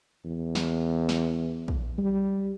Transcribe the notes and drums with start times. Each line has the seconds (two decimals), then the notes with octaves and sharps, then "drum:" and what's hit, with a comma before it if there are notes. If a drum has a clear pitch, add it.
0.24 E2
0.55 drum: snare
1.09 drum: snare
1.68 drum: kick
1.98 G3